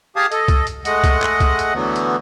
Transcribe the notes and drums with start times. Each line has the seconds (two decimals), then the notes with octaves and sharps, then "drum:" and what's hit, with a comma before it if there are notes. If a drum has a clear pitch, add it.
0.16 G4 G#4 F5 G#5 A5 D#6
0.32 A4 D#5, drum: hi-hat
0.48 drum: kick, hi-hat
0.67 drum: hi-hat
0.85 G#3 A3 D#5 F#5, drum: hi-hat
1.04 drum: kick, hi-hat
1.22 drum: clap
1.40 drum: kick, hi-hat
1.59 drum: hi-hat
1.74 D3 E3 F#3 A3 B3
1.96 drum: hi-hat